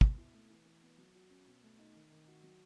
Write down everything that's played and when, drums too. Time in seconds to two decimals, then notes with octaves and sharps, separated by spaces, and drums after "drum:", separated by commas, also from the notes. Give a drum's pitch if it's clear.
0.01 B2, drum: kick
0.17 E4
0.33 A3
0.50 E3
0.65 E3
0.82 B3
0.98 F#3
1.15 F#4
1.30 C#4
1.47 B2
1.63 A3
1.78 D#4
1.94 D#3
2.11 D#3
2.27 F#4
2.43 F#3